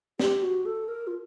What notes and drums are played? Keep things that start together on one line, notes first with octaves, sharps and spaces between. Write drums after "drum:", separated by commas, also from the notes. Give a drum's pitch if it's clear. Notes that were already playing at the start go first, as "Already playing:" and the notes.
G4, drum: snare
F#4
A4
A#4
F4